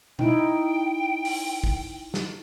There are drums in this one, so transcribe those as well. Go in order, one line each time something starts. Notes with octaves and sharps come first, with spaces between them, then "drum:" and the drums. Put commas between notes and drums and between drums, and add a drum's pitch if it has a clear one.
D#4 E4 G5, drum: tom B2
drum: open hi-hat
drum: kick
drum: snare